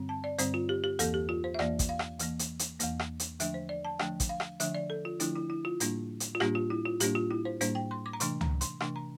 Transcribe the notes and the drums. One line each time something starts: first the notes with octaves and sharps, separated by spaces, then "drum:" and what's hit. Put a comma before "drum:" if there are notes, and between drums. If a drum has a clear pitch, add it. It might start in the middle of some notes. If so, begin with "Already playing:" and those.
Already playing: G2 D3 G3 C4
A5
D5
G2 D3 G3 C4 C5, drum: hi-hat
F4
G4
G4
E2 E3 A#3 A4, drum: hi-hat
G4
F4
C5
E5
E2 E3 A#3 D5, drum: rim click
drum: kick A1, hi-hat
F5
drum: rim click
E2 E3 A#3, drum: hi-hat
drum: hi-hat
drum: hi-hat
E2 E3 A#3, drum: hi-hat
drum: rim click
drum: hi-hat
D3 F3 A3 D4 E5, drum: hi-hat
C5
D5
A5
D3 F3 A3 D4 G5, drum: rim click
drum: kick A1, hi-hat
F5
drum: rim click
D3 F3 A3 D4 E5, drum: hi-hat
D5
A4
F4
D3 F3 A3 D4 E4, drum: hi-hat
E4
E4
F4
A2 G3 A#3 D4, drum: hi-hat
drum: hi-hat
F4
A2 G3 A#3 D4 G4, drum: rim click
F4
E4
F4
A2 G3 A#3 D4 G4, drum: hi-hat
F4
E4
C5
A2 G3 A#3 D4 C5, drum: hi-hat
G5
C6
D6
A#5
C3 E3 A3 D4 C6, drum: hi-hat
A#5, drum: tom
C6, drum: hi-hat
C3 E3 A3 D4 C6, drum: rim click
A#5